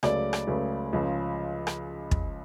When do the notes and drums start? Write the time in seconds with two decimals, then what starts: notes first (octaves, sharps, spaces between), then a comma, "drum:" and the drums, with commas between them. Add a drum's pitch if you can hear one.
0.03 C#2 C#3 F#3 A3 D5, drum: rim click
0.33 drum: rim click
0.47 C#2 C#3 F#3 A3
0.93 C#2 C#3 F3
1.67 drum: rim click
2.11 drum: kick